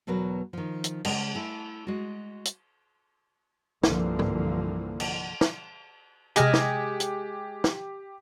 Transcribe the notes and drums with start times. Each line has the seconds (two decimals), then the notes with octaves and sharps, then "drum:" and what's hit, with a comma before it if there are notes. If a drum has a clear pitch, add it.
0.07 E2 B2 F#3 A#4 B4
0.53 D#3 F3
0.84 drum: hi-hat
1.05 C#3 G#3 D#5, drum: cymbal
1.35 A3 E4 G#5
1.87 G#3 F#4
2.45 drum: hi-hat
3.83 C2 G2 D3 E3 F3 A#3, drum: snare
4.19 drum: tom G#2
5.00 drum: cymbal
5.41 drum: snare
6.36 C3 G#3 G4 G#5 F6 A#6, drum: hi-hat
6.54 drum: snare
7.00 drum: hi-hat
7.64 drum: snare